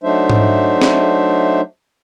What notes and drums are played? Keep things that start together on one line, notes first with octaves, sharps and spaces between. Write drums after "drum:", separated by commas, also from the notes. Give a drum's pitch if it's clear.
F#3 A3 D4 D#4 C5 E5
drum: tom G#2
drum: snare